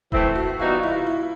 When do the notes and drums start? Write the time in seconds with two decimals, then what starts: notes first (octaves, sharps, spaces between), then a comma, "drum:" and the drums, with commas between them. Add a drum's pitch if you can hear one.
0.12 E3 A3 C4 E4, drum: kick D#1
0.35 F#4
0.59 E3 G3 B3 D#4 F4 F#4
0.83 E4
1.07 E4